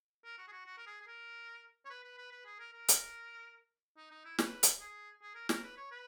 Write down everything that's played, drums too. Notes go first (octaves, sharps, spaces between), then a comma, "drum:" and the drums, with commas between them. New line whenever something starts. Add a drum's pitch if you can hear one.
A#4
F#4
G#4
F#4
F#4
A#4
G#4
G#4
A#4
C#5
B4
B4
B4
B4
G#4
A#4
A#4
drum: hi-hat
D#4
D#4
E4
B4, drum: snare
drum: hi-hat
G#4
G#4
A#4
A#4, drum: snare
B4
C#5
B4